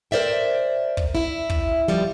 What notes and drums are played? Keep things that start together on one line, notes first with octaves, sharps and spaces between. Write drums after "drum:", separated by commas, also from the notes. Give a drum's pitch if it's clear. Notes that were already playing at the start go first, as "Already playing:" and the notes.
A#4 C5 D5 E5 G5
drum: kick
E4 E5
drum: kick
B2 F3 G3